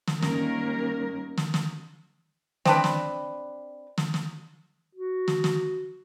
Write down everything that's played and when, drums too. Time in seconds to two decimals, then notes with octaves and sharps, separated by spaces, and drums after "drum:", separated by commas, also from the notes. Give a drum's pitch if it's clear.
0.07 drum: snare
0.22 D#3 G3 A#3 C#4 A#4, drum: snare
1.38 drum: snare
1.54 drum: snare
2.65 C4 D4 B4, drum: snare
2.84 drum: snare
3.98 drum: snare
4.14 drum: snare
4.95 F#4
5.28 drum: snare
5.44 drum: snare